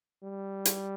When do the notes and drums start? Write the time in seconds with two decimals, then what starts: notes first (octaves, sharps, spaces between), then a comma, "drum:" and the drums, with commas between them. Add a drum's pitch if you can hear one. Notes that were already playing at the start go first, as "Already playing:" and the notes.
0.23 G3
0.65 drum: hi-hat